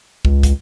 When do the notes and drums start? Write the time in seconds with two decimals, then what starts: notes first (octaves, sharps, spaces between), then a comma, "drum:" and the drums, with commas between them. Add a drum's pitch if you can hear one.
0.25 C#2, drum: kick
0.43 drum: kick, hi-hat